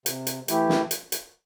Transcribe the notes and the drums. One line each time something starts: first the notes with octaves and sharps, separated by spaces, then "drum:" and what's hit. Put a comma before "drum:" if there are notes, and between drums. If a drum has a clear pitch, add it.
C3, drum: hi-hat
drum: hi-hat
E3 A3 E4 G4, drum: hi-hat
drum: snare
drum: hi-hat
drum: hi-hat